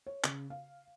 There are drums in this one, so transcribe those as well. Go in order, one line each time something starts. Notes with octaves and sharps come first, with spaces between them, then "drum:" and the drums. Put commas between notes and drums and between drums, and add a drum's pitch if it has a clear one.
C#5
C#3, drum: clap
F5